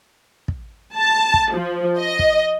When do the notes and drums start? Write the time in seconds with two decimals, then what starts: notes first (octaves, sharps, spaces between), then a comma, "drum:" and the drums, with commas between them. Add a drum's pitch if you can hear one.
0.48 drum: kick
0.95 A5
1.34 drum: kick
1.55 F3
1.98 D#5
2.19 drum: kick